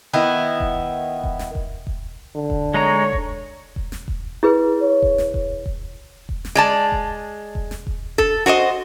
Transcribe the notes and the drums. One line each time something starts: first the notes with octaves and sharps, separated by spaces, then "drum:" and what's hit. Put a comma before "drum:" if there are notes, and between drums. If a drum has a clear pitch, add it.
D#3 B3 E4
drum: kick E1
drum: kick E1
drum: snare
drum: kick E1
drum: kick E1
D3
drum: kick E1
G#3 D#4 C#5 A#5
drum: kick E1
drum: kick E1
drum: snare
drum: kick E1
E4 G#4 B4
C#5
drum: kick E1
drum: snare
drum: kick E1
drum: kick E1
drum: kick E1
drum: snare
G#3 D5 A5
drum: kick E1
drum: kick E1
drum: snare
drum: kick E1
A4, drum: kick E1
F#4 C5 C#5 D#5